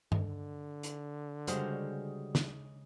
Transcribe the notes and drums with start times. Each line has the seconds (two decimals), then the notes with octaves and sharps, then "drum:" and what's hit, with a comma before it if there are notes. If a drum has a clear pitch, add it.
0.12 D3, drum: tom G2
0.83 drum: hi-hat
1.47 C#3 G3 G#3 F#4 C5 F6, drum: hi-hat
2.35 drum: snare